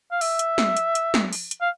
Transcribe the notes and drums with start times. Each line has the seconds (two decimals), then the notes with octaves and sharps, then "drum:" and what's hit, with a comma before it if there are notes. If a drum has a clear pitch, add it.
0.12 F5
0.21 E5, drum: open hi-hat
0.39 drum: hi-hat
0.58 drum: snare
0.77 drum: hi-hat
0.95 drum: hi-hat
1.14 drum: snare
1.33 drum: open hi-hat
1.51 drum: hi-hat
1.61 F5